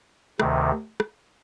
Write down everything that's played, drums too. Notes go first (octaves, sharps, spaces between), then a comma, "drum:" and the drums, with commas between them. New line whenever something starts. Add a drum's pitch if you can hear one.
D2 C3 D#3, drum: rim click
drum: rim click